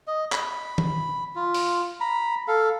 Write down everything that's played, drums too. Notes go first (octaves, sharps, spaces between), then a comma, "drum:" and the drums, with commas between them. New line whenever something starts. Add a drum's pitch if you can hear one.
D#5
B5, drum: clap
drum: tom D#3
F4
drum: open hi-hat
A#5 B5
A4 F5